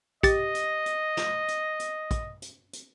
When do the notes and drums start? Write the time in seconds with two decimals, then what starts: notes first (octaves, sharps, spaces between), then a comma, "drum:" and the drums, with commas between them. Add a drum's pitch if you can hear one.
0.23 G4 D#5 A6, drum: kick, hi-hat
0.55 drum: hi-hat
0.86 drum: hi-hat
1.17 drum: snare
1.48 drum: hi-hat
1.80 drum: hi-hat
2.11 drum: kick, hi-hat
2.42 drum: hi-hat
2.73 drum: hi-hat